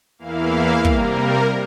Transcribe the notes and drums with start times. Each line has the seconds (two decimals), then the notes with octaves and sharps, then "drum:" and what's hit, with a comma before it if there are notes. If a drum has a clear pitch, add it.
0.18 E2 E3 A#3 E4 F5
0.85 C3 G3 A#3 A#4, drum: kick